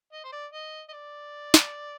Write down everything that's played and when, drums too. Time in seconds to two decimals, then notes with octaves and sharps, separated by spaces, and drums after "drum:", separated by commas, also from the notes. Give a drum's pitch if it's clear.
0.12 D#5
0.24 C5
0.32 D5
0.53 D#5
0.89 D#5
0.93 D5
1.54 drum: snare